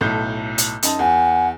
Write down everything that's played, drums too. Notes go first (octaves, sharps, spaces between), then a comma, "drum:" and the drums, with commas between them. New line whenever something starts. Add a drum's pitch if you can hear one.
B1 A2 G6
drum: hi-hat
F#2 D#4 A5, drum: hi-hat
E2 F#5 G#5